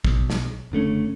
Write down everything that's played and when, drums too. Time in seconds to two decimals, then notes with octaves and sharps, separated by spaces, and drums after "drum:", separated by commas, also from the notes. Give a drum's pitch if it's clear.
0.05 B1, drum: kick
0.30 drum: snare
0.72 F#1 D3 A3 C#4